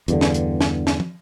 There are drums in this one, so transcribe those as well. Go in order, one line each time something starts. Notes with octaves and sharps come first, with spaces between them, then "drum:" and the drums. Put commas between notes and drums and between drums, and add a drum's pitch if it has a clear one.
E2 G2 D3, drum: hi-hat
drum: snare
drum: hi-hat
drum: snare
drum: snare
drum: tom